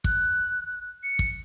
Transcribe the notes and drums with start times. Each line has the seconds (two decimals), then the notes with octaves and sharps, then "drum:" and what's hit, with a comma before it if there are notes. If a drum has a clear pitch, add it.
0.04 F#6, drum: kick
1.03 C#7
1.19 drum: kick